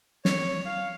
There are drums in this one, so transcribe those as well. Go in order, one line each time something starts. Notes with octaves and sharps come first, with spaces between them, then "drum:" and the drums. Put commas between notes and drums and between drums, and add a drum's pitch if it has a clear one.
C#5, drum: snare
F5